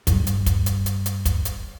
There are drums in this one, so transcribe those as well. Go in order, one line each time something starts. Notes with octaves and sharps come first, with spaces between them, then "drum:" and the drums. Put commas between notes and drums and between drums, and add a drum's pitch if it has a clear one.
G2 G3, drum: kick, hi-hat
drum: hi-hat
drum: kick, hi-hat
drum: hi-hat
drum: hi-hat
drum: hi-hat
drum: kick, hi-hat
drum: hi-hat